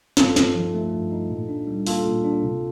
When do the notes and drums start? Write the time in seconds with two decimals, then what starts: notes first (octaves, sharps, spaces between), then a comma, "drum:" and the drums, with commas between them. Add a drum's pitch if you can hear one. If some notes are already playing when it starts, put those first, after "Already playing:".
0.17 G2 F4 A4, drum: snare
0.36 D#4, drum: snare
0.55 F3
0.74 A3
0.93 G2
1.11 D#4
1.30 A#2
1.48 D4
1.67 G3
1.87 A#3 F4 A4, drum: open hi-hat
2.05 A#2
2.24 D4
2.43 C3